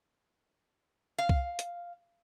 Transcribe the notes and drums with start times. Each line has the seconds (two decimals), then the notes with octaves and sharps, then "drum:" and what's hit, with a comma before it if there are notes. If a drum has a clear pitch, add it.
1.18 F5
1.29 drum: kick C2
1.59 drum: hi-hat